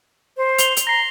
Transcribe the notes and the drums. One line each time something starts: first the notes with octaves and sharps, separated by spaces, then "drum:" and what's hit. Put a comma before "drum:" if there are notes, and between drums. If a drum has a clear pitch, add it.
C5
F7 G7, drum: hi-hat
drum: hi-hat
A#5 A#6 C7